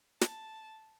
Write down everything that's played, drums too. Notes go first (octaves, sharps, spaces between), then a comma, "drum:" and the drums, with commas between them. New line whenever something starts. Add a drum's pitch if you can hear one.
A5, drum: snare